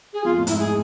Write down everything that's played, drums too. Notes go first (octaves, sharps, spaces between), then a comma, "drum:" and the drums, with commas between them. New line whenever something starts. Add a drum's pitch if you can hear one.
G#4
F2 F4
A2
G#2 E4, drum: hi-hat
G#4